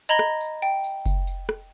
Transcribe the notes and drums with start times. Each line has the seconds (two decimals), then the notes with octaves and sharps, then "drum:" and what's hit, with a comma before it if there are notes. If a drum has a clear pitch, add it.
0.09 D#5 A#5 B5 G#6 A#6 G7
0.19 drum: rim click
0.41 drum: tambourine
0.62 G5, drum: tambourine
0.84 drum: tambourine
1.06 drum: kick F#1, tambourine
1.27 drum: tambourine
1.49 drum: rim click